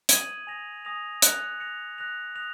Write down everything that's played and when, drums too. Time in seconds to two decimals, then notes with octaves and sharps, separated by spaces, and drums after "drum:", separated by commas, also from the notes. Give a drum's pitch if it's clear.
0.09 D#6 G#6 D#7 F#7, drum: hi-hat
0.47 G#5 D#6 A#6 F7
0.85 G#5 D#6 A#6 F7
1.22 F#6 A#6 C#7 F7, drum: hi-hat
1.60 F#6 A#6 C#7 F7
1.98 D#6 F#6 A#6 F7
2.35 D#6 F#6 A#6 F7